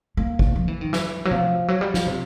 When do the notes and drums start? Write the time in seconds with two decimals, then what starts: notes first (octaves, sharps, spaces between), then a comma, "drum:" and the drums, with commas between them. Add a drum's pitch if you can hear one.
0.17 A#3
0.39 drum: kick
0.56 F3
0.68 E3
0.81 D#3
0.93 E3, drum: snare
1.25 F#3
1.31 F3, drum: tom C3
1.68 F#3
1.81 G3
1.94 F3, drum: snare
2.07 C3